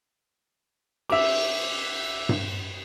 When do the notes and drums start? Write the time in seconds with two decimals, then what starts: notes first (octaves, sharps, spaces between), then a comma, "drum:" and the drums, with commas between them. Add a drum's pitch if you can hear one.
1.10 E5 D6, drum: cymbal
2.29 drum: tom G2